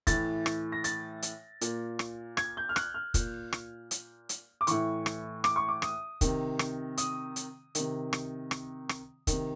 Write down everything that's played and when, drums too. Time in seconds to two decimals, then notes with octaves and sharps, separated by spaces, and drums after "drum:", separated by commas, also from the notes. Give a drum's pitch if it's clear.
0.07 A2 E3 A6, drum: kick, hi-hat
0.46 drum: rim click
0.72 A#6
0.84 A6, drum: hi-hat
1.22 drum: hi-hat
1.61 A#2, drum: hi-hat
1.99 drum: rim click
2.37 G#6, drum: rim click
2.57 G6
2.69 F6
2.76 F#6, drum: rim click
2.94 F6
3.14 A#2, drum: kick, hi-hat
3.53 drum: rim click
3.91 drum: hi-hat
4.29 drum: hi-hat
4.61 D6
4.67 A2 E3 C#6, drum: hi-hat
5.06 drum: rim click
5.44 D6, drum: rim click
5.56 C#6
5.68 D6
5.82 D#6, drum: rim click
6.21 C3 D#3, drum: kick, hi-hat
6.59 drum: rim click
6.97 D#6, drum: hi-hat
7.36 drum: hi-hat
7.75 C3 D#3, drum: hi-hat
8.13 drum: rim click
8.51 drum: rim click
8.89 drum: rim click
9.27 C3 D#3, drum: kick, hi-hat